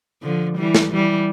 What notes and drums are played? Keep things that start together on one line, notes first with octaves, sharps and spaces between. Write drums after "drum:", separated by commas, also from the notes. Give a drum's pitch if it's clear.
D3 F3
E3 G3
drum: snare
E3 G3